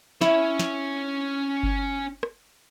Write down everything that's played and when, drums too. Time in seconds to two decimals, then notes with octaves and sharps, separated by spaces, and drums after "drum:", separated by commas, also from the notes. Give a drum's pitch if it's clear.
0.21 C#4 E4 C#5, drum: snare
0.59 drum: snare
1.63 drum: kick G1
2.23 drum: rim click